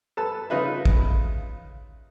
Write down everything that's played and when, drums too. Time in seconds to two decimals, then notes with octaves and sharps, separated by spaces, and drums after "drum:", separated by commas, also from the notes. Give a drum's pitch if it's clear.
0.17 A4 B4 A5
0.50 C#3 D#4 F4 B4 E5
0.85 drum: kick A1